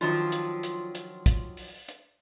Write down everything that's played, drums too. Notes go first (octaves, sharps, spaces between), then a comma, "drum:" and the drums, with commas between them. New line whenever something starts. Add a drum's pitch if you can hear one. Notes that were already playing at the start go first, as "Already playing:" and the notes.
D#3 F3 F#3 D4 F4
drum: hi-hat
drum: hi-hat
drum: hi-hat
drum: kick, hi-hat
drum: open hi-hat
drum: hi-hat